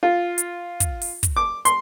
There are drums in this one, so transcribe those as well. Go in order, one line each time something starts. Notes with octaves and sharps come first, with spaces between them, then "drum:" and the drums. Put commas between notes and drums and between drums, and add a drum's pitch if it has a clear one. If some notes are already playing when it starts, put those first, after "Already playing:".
F4
drum: hi-hat
drum: kick, hi-hat
drum: open hi-hat
drum: kick, hi-hat
D6
C6, drum: hi-hat